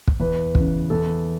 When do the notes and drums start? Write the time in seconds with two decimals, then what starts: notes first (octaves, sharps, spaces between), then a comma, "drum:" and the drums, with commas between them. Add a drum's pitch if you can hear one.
0.08 drum: kick
0.20 E2 B4
0.55 C#3 E3, drum: kick
0.90 E2 A4